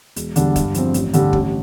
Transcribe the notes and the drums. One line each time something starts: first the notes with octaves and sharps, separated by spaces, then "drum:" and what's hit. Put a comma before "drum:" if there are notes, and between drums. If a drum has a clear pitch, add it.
E1, drum: hi-hat
E2 D3 G3 D4, drum: hi-hat
G2, drum: kick, hi-hat
F3 C4, drum: hi-hat
A1, drum: hi-hat
G2 D3 G3, drum: hi-hat
A1, drum: kick